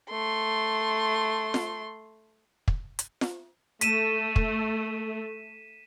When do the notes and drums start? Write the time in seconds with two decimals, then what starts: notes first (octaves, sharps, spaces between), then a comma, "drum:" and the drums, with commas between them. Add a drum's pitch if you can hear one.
0.11 A3 C6
1.54 drum: snare F4
2.68 drum: kick
2.99 drum: hi-hat
3.21 drum: snare F4
3.81 A3 B6 D#7 E7, drum: hi-hat
4.36 drum: kick